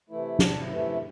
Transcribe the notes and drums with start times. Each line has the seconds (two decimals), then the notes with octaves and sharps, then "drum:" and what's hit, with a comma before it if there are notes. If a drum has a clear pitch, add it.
0.10 C3 E3 A3 E4
0.39 D2 D4, drum: snare
0.58 E4
0.69 C3 E3 A3
0.78 E4